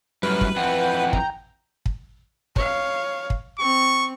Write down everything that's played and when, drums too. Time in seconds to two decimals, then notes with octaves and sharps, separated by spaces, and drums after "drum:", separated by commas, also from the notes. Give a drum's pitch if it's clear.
0.23 F#2 A2 F#3 G3 B4 F6
0.41 drum: kick
0.56 F2 E3 F#5 G5
1.13 A#5, drum: kick
1.86 drum: kick
2.56 C#5 F5, drum: kick
3.30 drum: kick
3.59 C4 C#6